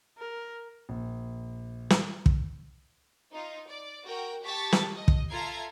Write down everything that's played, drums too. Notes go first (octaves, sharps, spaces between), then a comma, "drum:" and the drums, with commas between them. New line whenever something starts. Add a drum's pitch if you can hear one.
A#4
A#1
drum: snare
drum: kick
D#4 F4
D5
F#4 A#4 G5
G4 A5 C#6 A6 B6
drum: snare
D#5
drum: kick
F4 A4 E5 A#5 G#6 C7